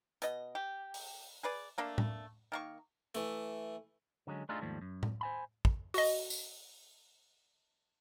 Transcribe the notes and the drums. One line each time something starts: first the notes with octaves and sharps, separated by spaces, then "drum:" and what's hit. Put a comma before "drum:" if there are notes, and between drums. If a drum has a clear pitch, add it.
B2 D#5, drum: hi-hat
G4
drum: open hi-hat
G#4 B4 D5
A3 A#3 D4
drum: tom A2
D#3 A#3 C#6
E3 A3, drum: hi-hat
D3 F#3 G#3 C#4
A3 D4 D#4 F4 G#4 A4
D#2 G#2 F3 G3 A3
F#2
drum: tom A2
C5 G#5 B5
drum: kick
F#4 D#5, drum: open hi-hat
drum: tambourine